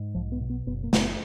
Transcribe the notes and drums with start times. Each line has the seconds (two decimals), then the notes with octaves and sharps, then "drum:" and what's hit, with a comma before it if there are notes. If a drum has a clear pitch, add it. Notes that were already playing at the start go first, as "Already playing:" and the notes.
Already playing: G#2
0.15 B1 F3
0.32 B3
0.41 B2
0.50 B3
0.66 F#1 B3
0.84 A#3
0.93 F#1, drum: snare
1.00 B3